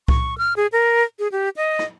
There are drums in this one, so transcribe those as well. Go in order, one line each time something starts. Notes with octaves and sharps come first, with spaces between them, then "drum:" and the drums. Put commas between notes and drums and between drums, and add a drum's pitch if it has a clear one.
C#6, drum: kick C2
F6
G#4
A#4
G#4
G4
D#5
drum: rim click